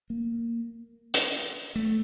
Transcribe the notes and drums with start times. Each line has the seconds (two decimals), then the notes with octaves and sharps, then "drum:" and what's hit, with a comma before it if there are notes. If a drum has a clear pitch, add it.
0.10 A#3
1.14 drum: hi-hat
1.76 A3